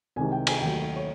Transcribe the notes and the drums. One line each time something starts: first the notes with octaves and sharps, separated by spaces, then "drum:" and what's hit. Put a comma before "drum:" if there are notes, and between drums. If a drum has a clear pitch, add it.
C2 C3 D#3 G#3 G#5
G5
G#5, drum: cymbal
D#2 D#3 F#3 A3 G5
C#5